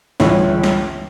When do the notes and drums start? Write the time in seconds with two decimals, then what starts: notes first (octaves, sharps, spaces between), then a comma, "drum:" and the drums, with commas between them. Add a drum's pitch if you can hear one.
0.20 G1 C#2 E3 C#4 E4, drum: snare
0.63 drum: snare